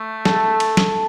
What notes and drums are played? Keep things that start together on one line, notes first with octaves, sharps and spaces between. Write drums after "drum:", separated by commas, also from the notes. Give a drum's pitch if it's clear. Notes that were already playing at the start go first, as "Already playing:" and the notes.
Already playing: A3
A4, drum: snare
drum: cymbal
drum: snare